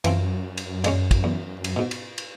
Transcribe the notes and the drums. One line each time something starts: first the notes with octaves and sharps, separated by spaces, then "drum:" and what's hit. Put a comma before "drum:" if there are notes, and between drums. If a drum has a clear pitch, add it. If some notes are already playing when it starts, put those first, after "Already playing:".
F#2 E3 F3 C4, drum: cymbal
drum: cymbal
G2 G#3 C#4, drum: cymbal
drum: kick, cymbal
E2
drum: cymbal
G#2 B2
drum: cymbal
drum: cymbal